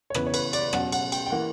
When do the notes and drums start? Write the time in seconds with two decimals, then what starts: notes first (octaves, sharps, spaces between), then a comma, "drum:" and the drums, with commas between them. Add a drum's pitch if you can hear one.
0.10 C#5
0.14 C#3 E3 B3 B4, drum: rim click
0.26 C#5
0.34 B4, drum: cymbal
0.53 D5, drum: cymbal
0.73 B2 F#3 C#4 F#5, drum: rim click
0.92 F#5, drum: cymbal
1.12 G5, drum: cymbal
1.26 G5
1.30 E3 A#3 F#5